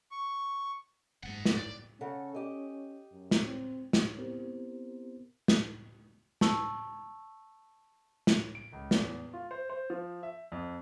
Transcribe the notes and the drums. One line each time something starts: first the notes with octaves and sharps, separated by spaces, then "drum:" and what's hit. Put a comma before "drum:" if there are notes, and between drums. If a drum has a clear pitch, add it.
C#6
F#1 G#2 D#5 F#5
drum: snare
D5
C#3 C#4 A4 F#5
G4 D#5
F#2
drum: snare
C4
drum: snare
B3 C4 E4 G4 A#4 C5
drum: snare
A5 C#6 E6, drum: snare
drum: snare
D7
C#2
E2, drum: snare
F4
C5
C5
F3
E5
F2